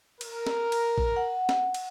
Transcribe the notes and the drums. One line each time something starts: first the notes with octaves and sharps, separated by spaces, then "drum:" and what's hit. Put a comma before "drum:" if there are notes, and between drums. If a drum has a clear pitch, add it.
A#4, drum: cymbal
drum: snare
drum: cymbal
drum: kick A#1
F#5
drum: snare
drum: cymbal